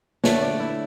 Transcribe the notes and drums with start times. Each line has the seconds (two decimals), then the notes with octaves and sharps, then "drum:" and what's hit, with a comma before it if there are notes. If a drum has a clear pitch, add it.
0.24 D3 A3 C#5, drum: snare
0.42 D5
0.60 E4